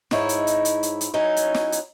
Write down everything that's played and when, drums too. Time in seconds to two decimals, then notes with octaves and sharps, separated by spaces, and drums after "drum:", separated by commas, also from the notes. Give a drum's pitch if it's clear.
0.11 G#2 D#4 E4 C#5, drum: snare
0.29 drum: hi-hat
0.47 drum: hi-hat
0.65 drum: hi-hat
0.83 drum: hi-hat
1.01 drum: hi-hat
1.14 F#3 C#4 D#4 E4
1.37 drum: hi-hat
1.54 drum: snare
1.72 drum: hi-hat